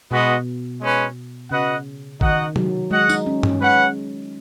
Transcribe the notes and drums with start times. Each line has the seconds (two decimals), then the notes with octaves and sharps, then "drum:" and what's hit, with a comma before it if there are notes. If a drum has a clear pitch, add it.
0.11 B2 G#3 B3 F#4 B4 D#5
0.81 G#3 C#4 B4
1.51 C#3 F#4 B4 D#5 F#5
2.21 D#3 D#4 F#4 D#5 F#5, drum: kick G#1
2.56 F#3, drum: tom C3
2.91 G#3 F#4 D#5 F#5
3.09 D#4, drum: tambourine
3.26 C#4
3.43 C#4, drum: tom G2
3.61 G#3 C#4 B4 F#5